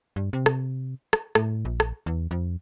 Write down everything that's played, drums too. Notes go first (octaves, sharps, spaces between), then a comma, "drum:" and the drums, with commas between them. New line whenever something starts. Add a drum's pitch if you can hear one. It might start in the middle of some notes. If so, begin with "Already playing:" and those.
G2
C3
drum: rim click
drum: rim click
A2, drum: rim click
A#1
drum: rim click
E2
F2